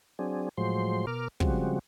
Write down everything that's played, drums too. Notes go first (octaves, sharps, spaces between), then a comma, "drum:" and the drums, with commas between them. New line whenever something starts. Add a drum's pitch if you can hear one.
F#3 C4 D4 G#4
A2 F3 F#3 G#3 C5 C6
B2 A#4 D6 F6
C#3 F3 G3 G#3 C4 F#4, drum: kick